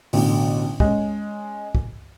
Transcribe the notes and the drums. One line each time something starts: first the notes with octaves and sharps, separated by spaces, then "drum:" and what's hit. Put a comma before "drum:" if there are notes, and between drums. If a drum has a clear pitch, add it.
A1 B2 D3, drum: open hi-hat
G#3 C#4, drum: kick
drum: kick